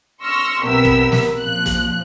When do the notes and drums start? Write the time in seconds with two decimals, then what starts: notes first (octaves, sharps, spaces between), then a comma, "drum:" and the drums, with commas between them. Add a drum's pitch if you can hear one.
0.22 C6 C#6 E6 F6 A#6
0.64 B1 C3 B3 A#4 E6 B6
0.85 drum: kick
1.12 drum: snare
1.39 A#2 F3 F#6
1.66 drum: kick, hi-hat